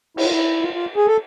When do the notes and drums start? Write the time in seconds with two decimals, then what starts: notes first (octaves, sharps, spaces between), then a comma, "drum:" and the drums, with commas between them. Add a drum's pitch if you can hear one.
0.17 E4, drum: cymbal
0.24 F4
0.31 E4
0.61 F4
0.74 F4
0.96 G#4
1.07 A4